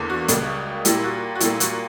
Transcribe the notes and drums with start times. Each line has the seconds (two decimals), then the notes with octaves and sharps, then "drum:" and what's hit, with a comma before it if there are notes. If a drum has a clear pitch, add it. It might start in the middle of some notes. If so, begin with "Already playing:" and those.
Already playing: E2 D3 A#3
0.10 F#4
0.28 C#2 C#3 G3 A#3, drum: hi-hat
0.85 A#2 G3 A#3 E4 G4, drum: hi-hat
1.04 F#4
1.35 F#4
1.40 A#2 G3 A#3 E4, drum: hi-hat
1.60 F#4, drum: hi-hat